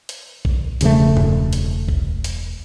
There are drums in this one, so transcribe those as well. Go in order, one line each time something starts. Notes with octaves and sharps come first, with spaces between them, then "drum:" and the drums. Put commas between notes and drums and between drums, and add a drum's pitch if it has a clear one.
drum: hi-hat
drum: kick A#1
E1 C#3 F3 A3, drum: hi-hat
drum: tom F#2
drum: hi-hat
drum: kick A#1
drum: hi-hat